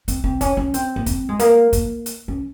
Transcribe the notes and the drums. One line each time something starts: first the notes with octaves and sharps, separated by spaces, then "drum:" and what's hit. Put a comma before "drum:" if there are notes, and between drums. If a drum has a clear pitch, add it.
C4, drum: hi-hat
C4
C#4, drum: kick, hi-hat
C#4
C4, drum: hi-hat
A#3
C4, drum: kick, hi-hat
G#3
A#3, drum: hi-hat
A#3, drum: kick, hi-hat
drum: hi-hat
C#4